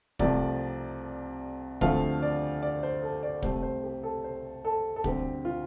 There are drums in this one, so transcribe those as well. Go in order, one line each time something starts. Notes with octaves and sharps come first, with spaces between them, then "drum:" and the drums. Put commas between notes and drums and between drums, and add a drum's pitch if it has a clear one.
C2 C3 F3 A3 D5, drum: kick
D2 D3 F3 A3 C4 F5, drum: kick
D5
D5
C5
A4
D5
C2 C3 A3 C5, drum: kick
C5
G4
A4
C5
A4
A4
D2 D3 G3 C4 G4, drum: kick
F4